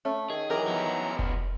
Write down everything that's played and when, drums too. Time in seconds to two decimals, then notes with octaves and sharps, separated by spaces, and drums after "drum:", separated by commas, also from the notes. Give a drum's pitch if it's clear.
0.05 A3 C#4
0.30 D#3 G#4
0.50 E3 F#3 G4 A#4 A#5
0.67 F3 B3
1.19 drum: kick F1